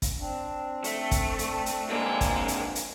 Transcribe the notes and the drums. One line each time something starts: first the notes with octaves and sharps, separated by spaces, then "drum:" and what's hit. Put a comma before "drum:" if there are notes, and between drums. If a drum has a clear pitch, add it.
drum: kick, hi-hat
C4 D4
A3, drum: hi-hat
drum: kick, hi-hat
drum: hi-hat
drum: hi-hat
A#2 D3 G#3 A#3
drum: kick, hi-hat
drum: hi-hat
drum: hi-hat